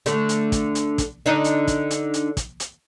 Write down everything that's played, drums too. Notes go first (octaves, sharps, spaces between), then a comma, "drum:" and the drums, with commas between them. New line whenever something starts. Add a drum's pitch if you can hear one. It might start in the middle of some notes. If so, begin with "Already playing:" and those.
D3 A3, drum: hi-hat
drum: hi-hat
drum: kick, hi-hat
drum: hi-hat
drum: kick, hi-hat
D3 D4 D#4
drum: hi-hat
drum: kick, hi-hat
drum: hi-hat
drum: hi-hat
drum: kick, hi-hat
drum: hi-hat